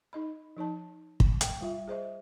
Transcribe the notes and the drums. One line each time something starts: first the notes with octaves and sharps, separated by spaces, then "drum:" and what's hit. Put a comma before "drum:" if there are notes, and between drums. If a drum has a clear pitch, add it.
D#4 D#5 B5
F3 D#4 C#5 A5
drum: kick
G5, drum: hi-hat
G3 F4 E5
G#4 C5 D#5 E5